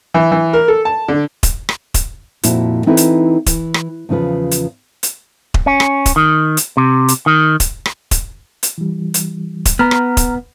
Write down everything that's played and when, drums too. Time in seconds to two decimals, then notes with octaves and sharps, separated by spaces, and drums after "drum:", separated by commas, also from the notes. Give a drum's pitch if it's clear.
0.14 E3
0.32 E3
0.53 A#4
0.68 A4
0.85 A5
1.08 D3
1.43 drum: kick D#1, hi-hat
1.69 drum: rim click
1.94 drum: kick D#1, hi-hat
2.43 F2 A#2 E4 F#4 A5, drum: hi-hat
2.86 E3 C4 D#4 E4 A4 B4
2.97 drum: hi-hat
3.46 E3, drum: kick D#1, hi-hat
3.74 drum: rim click
4.09 E2 C#3 F3 F4 B4
4.51 drum: hi-hat
5.03 drum: hi-hat
5.54 drum: kick D#1
5.66 C#4
5.80 drum: rim click
6.06 drum: kick D#1, hi-hat
6.16 D#3
6.57 drum: hi-hat
6.77 C3
7.08 drum: hi-hat
7.26 D#3
7.60 drum: kick D#1, hi-hat
7.86 drum: rim click
8.11 drum: kick D#1, hi-hat
8.63 drum: hi-hat
8.78 E3 G3
9.14 drum: hi-hat
9.65 drum: kick D#1, hi-hat
9.79 B3 A#5 F6
9.91 drum: rim click
10.17 drum: kick D#1, hi-hat